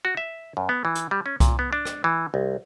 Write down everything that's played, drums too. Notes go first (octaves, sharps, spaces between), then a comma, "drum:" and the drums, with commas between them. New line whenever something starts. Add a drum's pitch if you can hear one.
F#4
E5
F#2
B3
E3
drum: hi-hat
G3
C#4
A#2, drum: kick C2, hi-hat
B3
D4
drum: rim click
E3
C2